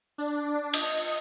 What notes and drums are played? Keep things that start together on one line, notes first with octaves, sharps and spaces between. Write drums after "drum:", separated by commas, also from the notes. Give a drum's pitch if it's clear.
D4
D#5, drum: cymbal